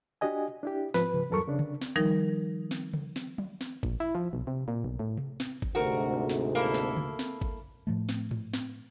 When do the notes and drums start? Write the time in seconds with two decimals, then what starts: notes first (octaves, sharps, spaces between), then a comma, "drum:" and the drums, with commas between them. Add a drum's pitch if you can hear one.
0.21 D4 F#4 G4 D#5 G#5
0.63 D4 E4 G4
0.94 G#2 F3 B4, drum: snare
1.14 drum: tom C3
1.30 E2 G2 F#3 A4 A#4 C#6
1.48 C#3 D4
1.59 drum: tom C#3
1.81 drum: snare
1.96 D#3 F3 G3 D#4 A#4
2.71 drum: snare
2.93 drum: tom C#3
3.16 drum: snare
3.38 drum: tom
3.61 drum: snare
3.83 A#1, drum: kick G#1
4.00 E4
4.15 F3
4.33 B1
4.47 C3
4.68 A#2
4.84 B1
4.99 A2
5.17 drum: tom C3
5.40 drum: snare
5.62 drum: kick G#1
5.75 D2 G#2 C3 F#4 A#4
6.29 drum: snare
6.55 A#3 E4 A4
6.74 drum: snare
6.97 drum: tom C#3
7.19 drum: snare
7.42 drum: kick G#1
7.87 A2 F3 A3
8.09 drum: snare
8.31 drum: tom G#2
8.54 drum: snare